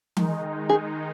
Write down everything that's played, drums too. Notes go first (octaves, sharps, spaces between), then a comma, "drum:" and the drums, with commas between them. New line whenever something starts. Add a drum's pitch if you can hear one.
D#3 G#3 D#4, drum: tom E3
G#4